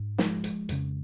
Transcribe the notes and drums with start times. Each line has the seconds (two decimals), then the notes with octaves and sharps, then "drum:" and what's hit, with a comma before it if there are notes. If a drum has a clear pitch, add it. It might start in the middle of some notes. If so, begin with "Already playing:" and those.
Already playing: G#2
0.18 F3 G#3, drum: snare
0.44 drum: hi-hat
0.69 F2 C#3, drum: hi-hat